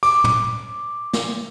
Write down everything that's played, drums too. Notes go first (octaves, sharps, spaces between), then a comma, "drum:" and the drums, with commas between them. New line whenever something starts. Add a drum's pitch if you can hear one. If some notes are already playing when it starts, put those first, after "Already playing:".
D6, drum: cymbal
drum: tom
drum: snare